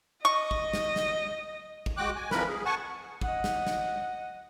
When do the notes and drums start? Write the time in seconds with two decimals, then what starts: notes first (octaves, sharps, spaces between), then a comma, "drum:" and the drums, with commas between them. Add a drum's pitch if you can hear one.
0.25 D#5 C#6
0.51 drum: kick
0.73 drum: snare
0.96 drum: snare
1.86 drum: kick
1.97 G#3 F#4 G5 D6 F#6
2.16 G#5
2.31 F2 E3 F3 A#4 B4 B5, drum: snare
2.49 G#4
2.65 F#5 G#5 A5 C#6
3.21 D#5 F#5, drum: kick
3.44 drum: snare
3.67 drum: snare